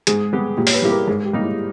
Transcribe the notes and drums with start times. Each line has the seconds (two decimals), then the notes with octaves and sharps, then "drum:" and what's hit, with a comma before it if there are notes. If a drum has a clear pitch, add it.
0.07 G#2 G#4, drum: hi-hat
0.33 G3 B3 G4
0.57 A#2 G4
0.67 C#5, drum: open hi-hat
0.74 B4
0.82 G3 A#3 E4 G4
0.91 A#4
1.08 G#2 G#4
1.25 G4
1.33 G3 A#3 D#4
1.41 E4